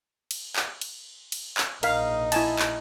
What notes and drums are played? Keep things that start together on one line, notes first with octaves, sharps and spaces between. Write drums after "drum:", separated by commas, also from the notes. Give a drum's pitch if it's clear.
drum: cymbal
drum: clap
drum: cymbal
drum: cymbal
drum: clap
A#1 D#4 A#4 F5, drum: cymbal
E4 G#5 A5, drum: cymbal
drum: clap